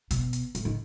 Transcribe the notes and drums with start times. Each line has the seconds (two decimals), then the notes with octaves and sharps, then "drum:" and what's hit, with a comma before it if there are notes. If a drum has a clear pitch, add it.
0.11 B2, drum: kick, hi-hat
0.33 drum: hi-hat
0.55 A2, drum: hi-hat
0.65 D#3